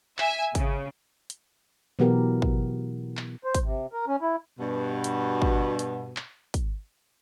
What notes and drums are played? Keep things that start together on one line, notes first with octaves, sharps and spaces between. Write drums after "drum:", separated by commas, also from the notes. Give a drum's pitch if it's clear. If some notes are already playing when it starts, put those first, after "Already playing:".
E5 G#5, drum: clap
C#3, drum: kick, hi-hat
drum: hi-hat
B2 E3 F#3 B3 G4 A#4
drum: kick
drum: clap
C5
drum: kick, hi-hat
C3
A#4
C#4
E4
G2 B2
drum: hi-hat
drum: kick
drum: hi-hat
drum: clap
drum: kick, hi-hat